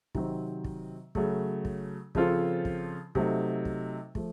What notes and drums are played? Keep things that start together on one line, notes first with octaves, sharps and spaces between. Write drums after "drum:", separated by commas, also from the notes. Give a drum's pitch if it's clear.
C3 D#3 F#3 C4, drum: kick
drum: kick
C#3 F#3 A3, drum: kick
drum: kick
C#3 F3 C4 F4 A4, drum: kick
drum: kick
C3 F#3 A3 D#4, drum: kick
drum: kick
F3 A3, drum: kick